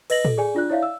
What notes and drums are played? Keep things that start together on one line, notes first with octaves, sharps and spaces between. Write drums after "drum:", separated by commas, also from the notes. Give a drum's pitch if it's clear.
B4 D#5 A#6 F#7, drum: cymbal
A4, drum: tom
G#4 D5 G#5
D4 F4 D5 F#6
E4 C#5 D5 E5 F5
E6